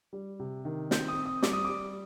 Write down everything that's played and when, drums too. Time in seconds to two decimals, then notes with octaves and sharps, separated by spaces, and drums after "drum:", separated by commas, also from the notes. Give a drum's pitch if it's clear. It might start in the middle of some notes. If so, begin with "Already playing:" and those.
0.13 G3
0.40 C3
0.65 D#3
0.91 C4 G6, drum: snare
1.08 D#6
1.17 C4
1.26 D#6
1.43 G3 D6, drum: snare
1.53 D#6
1.65 G3 D6